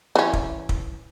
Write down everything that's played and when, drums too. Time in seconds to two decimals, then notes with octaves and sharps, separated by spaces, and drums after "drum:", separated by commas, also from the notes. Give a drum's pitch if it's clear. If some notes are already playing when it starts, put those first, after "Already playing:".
0.16 E3 C#4
0.33 drum: kick
0.69 drum: kick